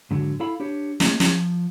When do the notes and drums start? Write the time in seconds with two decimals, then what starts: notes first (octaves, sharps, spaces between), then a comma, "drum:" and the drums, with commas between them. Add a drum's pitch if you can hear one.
0.11 G#2 D3 F#3
0.40 E4 A4 F5 B5
0.60 D4 G4 C#5
1.00 A3 A#3 D#5, drum: snare
1.20 F3, drum: snare